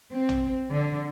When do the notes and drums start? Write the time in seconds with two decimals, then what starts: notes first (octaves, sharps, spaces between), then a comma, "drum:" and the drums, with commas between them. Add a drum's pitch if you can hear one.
0.13 C4
0.29 drum: tom A#1
0.72 D3